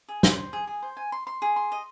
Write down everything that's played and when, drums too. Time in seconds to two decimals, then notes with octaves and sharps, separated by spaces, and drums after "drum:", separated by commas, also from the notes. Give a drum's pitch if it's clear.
0.09 G#4
0.23 C5, drum: snare
0.37 C5
0.53 G#4
0.67 G#4
0.82 C5
0.97 G#5
1.12 C6
1.27 C6
1.42 G#4
1.56 C6
1.72 D#5